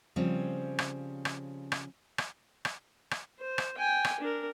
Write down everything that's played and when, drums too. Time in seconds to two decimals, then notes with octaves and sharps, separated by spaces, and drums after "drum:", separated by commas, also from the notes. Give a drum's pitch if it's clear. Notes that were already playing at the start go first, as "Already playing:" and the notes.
0.16 C#3 F3 G3 C4
0.79 drum: rim click
1.25 drum: rim click
1.72 drum: rim click
2.18 drum: rim click
2.65 drum: rim click
3.11 drum: rim click
3.39 C5
3.58 drum: rim click
3.77 G5 G#5
4.04 drum: rim click
4.20 D4 A#4